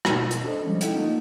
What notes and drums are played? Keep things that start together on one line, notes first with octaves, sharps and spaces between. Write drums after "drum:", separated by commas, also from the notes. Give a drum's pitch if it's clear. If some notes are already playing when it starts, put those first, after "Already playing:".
B2, drum: rim click
drum: hi-hat
D4 A4 C5 D5 D#5
F3 G3 G#3 C#4
D#4 E4 A4 D#5 F#5 G5, drum: hi-hat
A3 A#3 D#4 F4